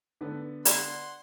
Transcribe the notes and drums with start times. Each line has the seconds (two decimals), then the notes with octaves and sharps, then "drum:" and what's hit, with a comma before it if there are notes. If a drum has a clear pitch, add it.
0.21 D3 B3 A4
0.65 D5 F#5 C6, drum: hi-hat